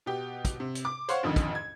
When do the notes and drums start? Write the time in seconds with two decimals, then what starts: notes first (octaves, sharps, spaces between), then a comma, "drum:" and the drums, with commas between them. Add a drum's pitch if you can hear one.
0.06 B2 G4
0.45 drum: kick, hi-hat
0.60 C3
0.75 drum: hi-hat
0.85 D6
1.09 C5 C#5 F5 F#5 C6, drum: hi-hat
1.23 A1 F2 D3 D#3
1.36 drum: kick, hi-hat
1.55 G#6